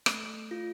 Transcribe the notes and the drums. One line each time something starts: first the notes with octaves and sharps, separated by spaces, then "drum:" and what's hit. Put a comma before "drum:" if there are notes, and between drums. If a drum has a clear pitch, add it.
A3, drum: rim click
F4